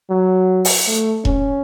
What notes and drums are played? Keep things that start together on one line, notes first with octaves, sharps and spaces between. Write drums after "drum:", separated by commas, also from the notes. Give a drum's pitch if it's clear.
F#3
drum: open hi-hat
A3
C#4, drum: kick E1